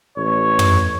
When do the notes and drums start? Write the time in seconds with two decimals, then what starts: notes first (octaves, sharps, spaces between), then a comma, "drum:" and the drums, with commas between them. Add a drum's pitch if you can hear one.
0.17 A1 C#5
0.59 drum: tom